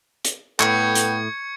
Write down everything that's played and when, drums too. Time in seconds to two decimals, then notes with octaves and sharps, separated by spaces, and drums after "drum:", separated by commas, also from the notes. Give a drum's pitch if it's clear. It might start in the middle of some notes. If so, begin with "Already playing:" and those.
0.25 drum: hi-hat
0.60 A2 B3 A4 G5 C#6 G#6 C#7, drum: clap
0.95 drum: hi-hat